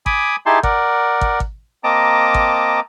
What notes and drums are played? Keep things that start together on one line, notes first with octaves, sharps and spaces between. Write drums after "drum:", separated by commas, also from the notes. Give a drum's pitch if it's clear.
G#5 B5 D6 D#6, drum: kick
D#4 E4 G4 G#4 A5 C6
A#4 D5 F#5, drum: kick
drum: kick
drum: kick
A#3 C4 D#5 A5 A#5 D6
drum: kick